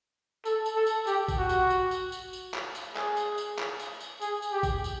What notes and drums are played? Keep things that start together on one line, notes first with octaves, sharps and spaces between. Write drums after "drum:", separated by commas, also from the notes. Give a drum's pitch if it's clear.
A4, drum: tambourine
drum: tambourine
A4
drum: tambourine
G4, drum: tambourine
drum: kick G#1, tambourine
F#4
drum: tambourine
drum: tambourine
drum: tambourine
drum: tambourine
drum: tambourine
drum: clap
drum: tambourine
G#4, drum: clap
drum: tambourine
drum: tambourine
drum: clap
drum: tambourine
drum: tambourine
G#4, drum: tambourine
drum: tambourine
G4
drum: kick G#1, tambourine
drum: tambourine